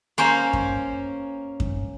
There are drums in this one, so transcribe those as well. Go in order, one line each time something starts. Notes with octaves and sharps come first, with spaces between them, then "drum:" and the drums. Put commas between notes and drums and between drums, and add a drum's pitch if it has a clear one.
A#3 C#4 C5
drum: kick F#2
drum: kick F#2